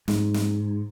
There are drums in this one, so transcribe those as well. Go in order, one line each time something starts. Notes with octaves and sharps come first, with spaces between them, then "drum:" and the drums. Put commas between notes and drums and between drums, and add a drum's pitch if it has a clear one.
G#2, drum: snare
drum: snare